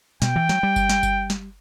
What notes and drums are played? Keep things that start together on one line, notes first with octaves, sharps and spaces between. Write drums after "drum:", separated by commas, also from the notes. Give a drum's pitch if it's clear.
B2 G5, drum: snare
E3
F#3, drum: snare
G3
drum: kick G1, tambourine
drum: snare
drum: kick G1, tambourine
drum: snare